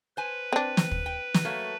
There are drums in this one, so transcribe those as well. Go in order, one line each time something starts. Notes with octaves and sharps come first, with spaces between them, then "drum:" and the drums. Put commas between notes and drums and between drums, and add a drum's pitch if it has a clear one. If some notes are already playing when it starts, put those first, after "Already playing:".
B4 C5 G#5
C4 D4
drum: snare
drum: kick
G5
drum: snare
F#3 A3 A#3